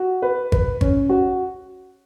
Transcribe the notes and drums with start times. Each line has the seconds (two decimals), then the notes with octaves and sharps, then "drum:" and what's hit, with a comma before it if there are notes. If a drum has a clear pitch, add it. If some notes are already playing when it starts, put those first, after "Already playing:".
Already playing: F#4
0.22 B4
0.52 B4, drum: kick G#1
0.81 C#4, drum: kick G#1
1.09 F#4